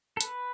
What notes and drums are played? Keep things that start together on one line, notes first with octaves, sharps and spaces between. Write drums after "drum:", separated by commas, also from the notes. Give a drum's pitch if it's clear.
A4
B4, drum: hi-hat